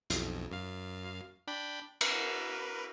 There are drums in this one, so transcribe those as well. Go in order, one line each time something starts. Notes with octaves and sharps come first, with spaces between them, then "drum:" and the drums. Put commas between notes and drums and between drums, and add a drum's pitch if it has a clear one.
B1 F2, drum: hi-hat
F#2 F5
D4 G5 B5
A#4 B4, drum: cymbal